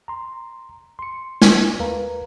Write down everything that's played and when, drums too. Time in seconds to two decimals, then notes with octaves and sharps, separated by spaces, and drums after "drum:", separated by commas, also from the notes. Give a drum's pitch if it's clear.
0.08 A#5 C6
0.99 C6 C#7
1.42 drum: snare
1.79 D#2 A#4 B4 F5 A#5